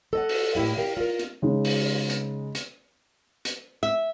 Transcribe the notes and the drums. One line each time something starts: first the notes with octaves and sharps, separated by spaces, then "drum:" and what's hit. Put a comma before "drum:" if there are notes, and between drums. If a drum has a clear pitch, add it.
A4 D#5 F#5
drum: open hi-hat
A2 A#3 E4 G4
G4 A#4 F5
F4 A#4
drum: hi-hat
C#3 G#3 D#4
drum: open hi-hat
drum: hi-hat
drum: hi-hat
drum: hi-hat
E5